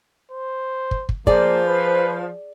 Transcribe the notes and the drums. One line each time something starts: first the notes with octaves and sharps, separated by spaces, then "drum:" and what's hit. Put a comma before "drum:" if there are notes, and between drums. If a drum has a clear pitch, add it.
C5
drum: kick
drum: kick
F3 A#3 G#4 C5 D5, drum: kick
B4